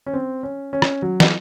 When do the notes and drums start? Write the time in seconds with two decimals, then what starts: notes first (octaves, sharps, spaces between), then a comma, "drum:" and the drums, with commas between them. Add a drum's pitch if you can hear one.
0.06 C#4
0.14 C4
0.43 C#4
0.73 C#4
0.82 drum: rim click
1.02 F#3
1.20 drum: snare